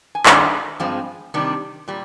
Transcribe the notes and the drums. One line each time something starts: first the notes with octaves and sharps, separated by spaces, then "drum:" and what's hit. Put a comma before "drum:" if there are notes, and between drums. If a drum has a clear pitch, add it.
G#5
G2 D#3 D4, drum: clap
G2 F3 G#3 C4
C3 D#3 G3 D4
A#2 G3